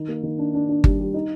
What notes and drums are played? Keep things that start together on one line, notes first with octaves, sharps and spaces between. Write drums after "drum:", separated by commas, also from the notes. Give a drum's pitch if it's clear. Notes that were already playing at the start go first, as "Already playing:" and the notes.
Already playing: D#3
A#3
D#3
D4
D4
D4
G3, drum: kick G1
G3
D#4